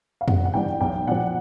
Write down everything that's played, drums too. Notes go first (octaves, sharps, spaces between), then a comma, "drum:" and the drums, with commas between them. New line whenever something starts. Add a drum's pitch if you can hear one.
F5
G1 F#5, drum: tom F2
F#5
G2 E3 G5
B1 G5
A#2 F3 F#5